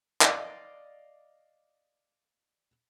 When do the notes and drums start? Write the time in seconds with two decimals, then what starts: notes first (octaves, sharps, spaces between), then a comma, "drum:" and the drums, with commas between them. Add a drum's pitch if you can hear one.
0.21 D5 D#5 F5, drum: clap